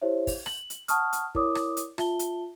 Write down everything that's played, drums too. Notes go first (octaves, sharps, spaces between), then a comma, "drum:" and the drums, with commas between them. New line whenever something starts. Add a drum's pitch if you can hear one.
E4 G4 C5 C#5 E5
drum: kick, open hi-hat
F#7, drum: rim click
drum: hi-hat
F#5 A5 C#6 D#6 F6, drum: hi-hat
drum: hi-hat
E4 A#4 C#5 D5 D6 D#6, drum: kick
drum: rim click
drum: hi-hat
F4 E5 A5 G7, drum: rim click
drum: hi-hat